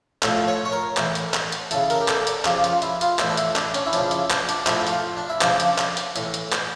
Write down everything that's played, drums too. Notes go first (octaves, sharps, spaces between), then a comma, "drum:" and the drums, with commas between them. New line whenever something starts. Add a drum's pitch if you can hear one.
A2 F3 A4, drum: clap
C#5
C#5
A#4
A2 E3, drum: clap
drum: hi-hat
drum: clap
drum: hi-hat
C#3 E3 A4, drum: hi-hat
A#4, drum: hi-hat
G4
A4, drum: clap
D5, drum: hi-hat
C#3 F3 G4, drum: clap
F4, drum: hi-hat
E4, drum: hi-hat
F4, drum: hi-hat
A2 E3 E4, drum: clap
D4
E4, drum: hi-hat
D4, drum: clap
C#4, drum: hi-hat
E4
C#3 F3 D4, drum: hi-hat
E4, drum: hi-hat
D4, drum: clap
D4, drum: hi-hat
A2 F3 E4, drum: clap
G4, drum: hi-hat
F4
D4
E4
C#3 F3 D4, drum: clap
drum: hi-hat
drum: clap
drum: hi-hat
A2 E3, drum: hi-hat
drum: hi-hat
drum: clap